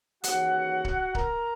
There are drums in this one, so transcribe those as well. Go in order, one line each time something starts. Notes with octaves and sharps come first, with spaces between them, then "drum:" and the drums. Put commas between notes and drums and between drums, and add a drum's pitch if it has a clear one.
D#2 C#3 E3 F#4 F#5, drum: hi-hat
drum: kick C#1
A#4 A#5, drum: kick C#1